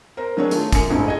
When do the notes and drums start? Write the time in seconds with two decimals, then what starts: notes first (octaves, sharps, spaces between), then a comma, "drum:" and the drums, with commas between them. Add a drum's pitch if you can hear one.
0.17 A#4 C5
0.37 D#3 F#3 D4 G#4 C#5
0.51 A3 F4, drum: hi-hat
0.73 F#2 C#7, drum: kick, hi-hat
0.90 F1 A#1 G#2 E4 F4
1.06 G#4 D#5 G#6